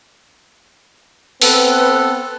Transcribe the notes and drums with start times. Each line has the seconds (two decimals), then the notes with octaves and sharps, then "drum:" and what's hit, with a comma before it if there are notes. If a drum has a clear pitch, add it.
1.42 B3 C4 A4 B4, drum: open hi-hat